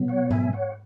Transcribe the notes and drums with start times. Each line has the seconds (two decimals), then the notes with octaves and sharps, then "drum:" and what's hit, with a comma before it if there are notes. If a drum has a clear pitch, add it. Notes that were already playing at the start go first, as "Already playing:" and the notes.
Already playing: B2 F#3 B3
0.08 C#5 F#5
0.31 E5 G#5, drum: tom G#2
0.53 C#5 F#5